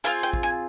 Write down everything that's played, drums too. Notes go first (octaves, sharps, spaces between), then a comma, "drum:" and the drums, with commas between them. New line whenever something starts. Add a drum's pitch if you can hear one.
C4 F4 G#4 F5
G5
drum: kick
G#5